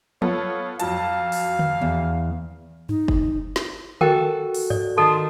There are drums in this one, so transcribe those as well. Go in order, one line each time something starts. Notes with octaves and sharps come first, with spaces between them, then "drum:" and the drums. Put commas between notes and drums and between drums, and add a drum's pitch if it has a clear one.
B3 F4 A4 C#5, drum: tom
F2 F#3 F5 A5, drum: hi-hat
drum: open hi-hat
drum: tom D3
E2
D#4, drum: tom G2
drum: kick
drum: snare
F#4 A4 A#4 G5, drum: tom D3
drum: open hi-hat
D5, drum: tom G2
D#3 A4 A5 C6 D#6